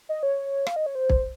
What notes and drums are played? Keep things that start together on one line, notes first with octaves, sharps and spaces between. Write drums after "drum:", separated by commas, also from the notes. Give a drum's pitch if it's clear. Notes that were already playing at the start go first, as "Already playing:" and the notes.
D#5
C#5
F5, drum: rim click
D#5
C#5
C5
drum: kick